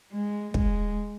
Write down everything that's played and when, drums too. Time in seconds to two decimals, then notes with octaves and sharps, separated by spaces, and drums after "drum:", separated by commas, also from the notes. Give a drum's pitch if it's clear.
0.13 G#3
0.54 G#3, drum: kick